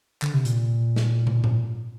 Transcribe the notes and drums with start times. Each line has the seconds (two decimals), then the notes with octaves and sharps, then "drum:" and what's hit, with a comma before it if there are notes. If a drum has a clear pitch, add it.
0.22 D3, drum: clap
0.34 C3
0.45 A#2, drum: hi-hat
0.96 drum: snare
1.27 drum: tom
1.44 drum: tom G#2